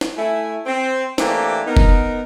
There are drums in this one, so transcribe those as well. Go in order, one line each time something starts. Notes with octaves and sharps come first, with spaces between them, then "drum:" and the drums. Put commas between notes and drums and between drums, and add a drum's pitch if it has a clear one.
drum: snare
A3 E4 G#5
C4
E3 A3 A#3 C4 D4 G4, drum: snare
B3 D#4 A#4
drum: kick